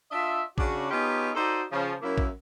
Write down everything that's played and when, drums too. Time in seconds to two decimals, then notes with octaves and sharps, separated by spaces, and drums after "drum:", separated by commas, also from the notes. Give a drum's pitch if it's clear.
0.11 D4 F4 D#5 E5
0.58 C#3 D4 F#4, drum: kick
0.90 B3 D#4 F4 G4 G#4 C#5
1.35 D#4 F#4 A4 C5 D5 D#5
1.72 C#3 F3
2.02 F#2 A#3 E4
2.18 drum: kick